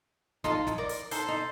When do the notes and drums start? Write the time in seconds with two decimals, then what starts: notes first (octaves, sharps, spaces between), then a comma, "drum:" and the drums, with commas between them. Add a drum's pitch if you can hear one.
0.44 D#4 F4 A4, drum: snare
0.67 drum: snare
0.78 A#4 D5
0.89 drum: hi-hat
1.11 D#4 A4 C5, drum: hi-hat
1.28 D#4